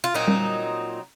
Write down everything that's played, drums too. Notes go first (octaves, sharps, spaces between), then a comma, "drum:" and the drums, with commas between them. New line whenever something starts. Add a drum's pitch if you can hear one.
F4
A#2 F#3 C4 D#4
drum: tom G3